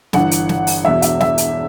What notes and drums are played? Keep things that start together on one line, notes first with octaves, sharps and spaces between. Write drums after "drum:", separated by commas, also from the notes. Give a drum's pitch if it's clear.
G1 G2 E3 F#5, drum: snare
drum: hi-hat
drum: snare
drum: open hi-hat
E1 E2 B2 E5
E5, drum: hi-hat
E5, drum: snare
drum: hi-hat